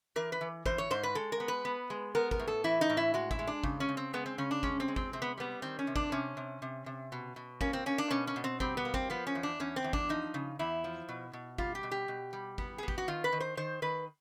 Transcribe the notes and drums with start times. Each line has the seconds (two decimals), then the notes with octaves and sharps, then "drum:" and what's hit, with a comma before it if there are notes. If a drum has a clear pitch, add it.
0.16 E3 A#4
0.32 B4
0.41 E3
0.66 E3 C5, drum: kick
0.78 C#5
0.91 G#2 C5
1.03 B4
1.15 G#3 A4
1.32 A#4
1.40 B3
1.48 B4
1.65 B3
1.90 G#3
2.15 B3 A#4
2.31 A#4, drum: kick
2.39 A2
2.48 A4
2.64 E3 E4
2.81 D#4
2.90 A2
2.97 E4
3.14 G#3 F#4
3.31 E4, drum: kick
3.39 G#3
3.47 D4
3.64 C#3, drum: kick
3.80 C#4
3.89 C#3
3.97 C4
4.13 G#3 B3
4.26 C4
4.38 C#3 C#4
4.51 D4
4.63 G#3 C#4, drum: kick
4.80 C4
4.88 G#3
4.96 C4, drum: kick
5.13 C3 C4
5.22 B3
5.38 G3 B3
5.62 D#3 C4
5.79 C#4
5.87 C3
5.96 D4, drum: kick
6.12 C3 C#4
6.37 C3
6.62 C3
6.86 C3
7.12 B2
7.36 B2
7.61 A#3 C#4, drum: kick
7.73 C4
7.86 A#3 C#4
7.98 D4
8.11 B2 C#4
8.27 C#4
8.36 B2
8.44 C4
8.60 G3 C4, drum: kick
8.77 B3
8.85 A#3
8.94 C4, drum: kick
9.10 F3 B3
9.27 C#4
9.35 E2
9.43 D4
9.60 E2 C#4
9.76 C4
9.84 E2
9.93 D4, drum: kick
10.09 F3 D#4
10.34 C#3
10.59 E2 E4
10.84 F3
11.09 B2
11.33 B2
11.58 G3 F4, drum: kick
11.75 G4
11.83 B2
11.91 G4
12.08 B2
12.33 G3
12.58 B3, drum: kick
12.78 G#4
12.83 B3
12.88 G4, drum: kick
12.98 F#4
13.08 D#3 F4
13.24 B4
13.32 D#3
13.40 C5
13.57 D#3 C5
13.82 D#3 B4